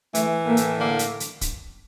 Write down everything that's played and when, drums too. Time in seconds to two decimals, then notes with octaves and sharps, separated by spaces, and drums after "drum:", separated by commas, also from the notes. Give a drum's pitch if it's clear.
0.15 E3 A3, drum: hi-hat
0.46 A2 A#3
0.57 drum: hi-hat
0.77 D3 A#3
0.99 drum: hi-hat
1.20 drum: hi-hat
1.41 drum: kick, hi-hat